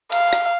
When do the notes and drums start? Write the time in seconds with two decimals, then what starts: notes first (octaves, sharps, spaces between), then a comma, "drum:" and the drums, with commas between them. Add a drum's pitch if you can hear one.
0.12 F5, drum: cymbal
0.33 drum: rim click